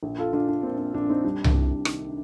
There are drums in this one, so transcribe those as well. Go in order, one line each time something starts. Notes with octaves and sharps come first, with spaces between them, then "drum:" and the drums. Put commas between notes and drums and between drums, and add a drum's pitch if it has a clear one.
A#1
F4 A4
A#1 D4 F4
D4
A#2 C4
C4
A#1 D4
C4 D#4
G3 D4
drum: tom C2
C2
D#3, drum: rim click